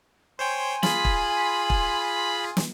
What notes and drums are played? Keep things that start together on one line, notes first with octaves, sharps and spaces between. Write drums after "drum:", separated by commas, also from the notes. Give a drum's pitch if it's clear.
C5 C#5 G5 G#5 C6
F4 G#4 B5, drum: snare
drum: kick
drum: kick
drum: snare